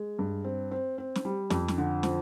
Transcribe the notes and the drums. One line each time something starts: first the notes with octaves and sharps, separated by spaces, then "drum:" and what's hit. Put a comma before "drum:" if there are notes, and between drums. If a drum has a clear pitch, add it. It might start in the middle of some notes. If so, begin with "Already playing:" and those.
Already playing: G#3
G2
C4
C4
C4
drum: snare
G3
F2, drum: snare
drum: snare
D3
F3, drum: snare